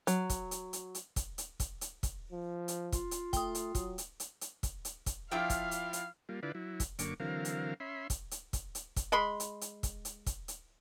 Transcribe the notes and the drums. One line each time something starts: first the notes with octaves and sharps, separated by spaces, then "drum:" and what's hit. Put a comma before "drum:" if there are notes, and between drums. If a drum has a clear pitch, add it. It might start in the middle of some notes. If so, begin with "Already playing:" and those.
F#3, drum: hi-hat
drum: kick, hi-hat
drum: hi-hat
drum: hi-hat
drum: hi-hat
drum: kick, hi-hat
drum: hi-hat
drum: kick, hi-hat
drum: hi-hat
drum: kick, hi-hat
F3
drum: hi-hat
F4, drum: kick, hi-hat
drum: hi-hat
A3 G5 D#6, drum: kick, hi-hat
drum: hi-hat
F#3, drum: kick, hi-hat
drum: hi-hat
drum: hi-hat
drum: hi-hat
drum: kick, hi-hat
drum: hi-hat
drum: kick, hi-hat
F3 E4 F4 F5 G5 D6 E6
drum: kick, hi-hat
drum: hi-hat
drum: hi-hat
G3 A#3 F4
D3 E4 F4 B4 D5
F#3 E4
drum: kick, hi-hat
F#2 D3 A#3 C#6 D6, drum: hi-hat
D3 E3 F#3 C4 A#4 F5
drum: hi-hat
C#4 E5 B5 C6
drum: kick, hi-hat
drum: hi-hat
drum: kick, hi-hat
drum: hi-hat
drum: kick, hi-hat
G#3 B5 C6
drum: hi-hat
drum: hi-hat
drum: kick, hi-hat
drum: hi-hat
drum: kick, hi-hat
drum: hi-hat